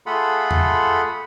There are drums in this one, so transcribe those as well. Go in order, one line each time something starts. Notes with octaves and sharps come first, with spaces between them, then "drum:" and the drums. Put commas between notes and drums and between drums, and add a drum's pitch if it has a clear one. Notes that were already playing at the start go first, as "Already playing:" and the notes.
A3 F4 G#4 A4 F#5 B5
drum: tom E2